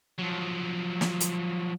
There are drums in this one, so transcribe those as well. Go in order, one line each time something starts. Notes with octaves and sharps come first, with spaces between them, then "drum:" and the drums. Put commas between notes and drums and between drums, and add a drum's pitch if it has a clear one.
F3 F#3
drum: snare
drum: hi-hat